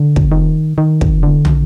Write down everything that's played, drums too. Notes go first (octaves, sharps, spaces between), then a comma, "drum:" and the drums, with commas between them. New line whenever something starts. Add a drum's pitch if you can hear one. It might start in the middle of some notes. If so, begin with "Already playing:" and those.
Already playing: D3
drum: kick
D#3
D#3
drum: kick
D3
drum: tom